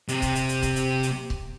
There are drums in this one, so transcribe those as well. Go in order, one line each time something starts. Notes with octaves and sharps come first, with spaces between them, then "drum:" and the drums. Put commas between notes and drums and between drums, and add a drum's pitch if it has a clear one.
C3, drum: hi-hat
drum: kick C#1, hi-hat
drum: hi-hat
drum: hi-hat
drum: kick C#1, hi-hat
drum: hi-hat
drum: hi-hat
drum: kick C#1